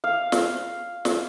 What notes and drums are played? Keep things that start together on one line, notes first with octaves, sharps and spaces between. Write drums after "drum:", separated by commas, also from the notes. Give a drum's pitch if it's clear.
F5
drum: snare
drum: snare